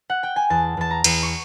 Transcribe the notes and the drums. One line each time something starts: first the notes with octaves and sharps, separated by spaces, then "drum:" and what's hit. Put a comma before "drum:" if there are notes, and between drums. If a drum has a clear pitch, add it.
F#5
G5
G#5
E2 A5
E2 A5
A#5
E2, drum: cymbal
C#6